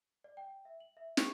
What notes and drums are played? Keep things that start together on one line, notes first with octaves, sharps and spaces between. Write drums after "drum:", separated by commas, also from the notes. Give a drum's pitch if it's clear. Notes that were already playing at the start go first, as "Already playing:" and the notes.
D5
G5
E5
F#7
E5
C#6, drum: snare